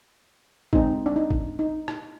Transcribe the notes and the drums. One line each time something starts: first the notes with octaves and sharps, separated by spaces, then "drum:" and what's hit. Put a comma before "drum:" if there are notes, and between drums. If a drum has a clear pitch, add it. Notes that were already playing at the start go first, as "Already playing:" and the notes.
D3 G#3 C4 D#4, drum: kick A1
D4
D#4
drum: kick A1
D#4
drum: rim click